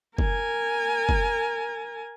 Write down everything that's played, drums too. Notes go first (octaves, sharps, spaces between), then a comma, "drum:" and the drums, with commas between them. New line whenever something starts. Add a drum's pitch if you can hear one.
A#4 G#5, drum: kick
drum: kick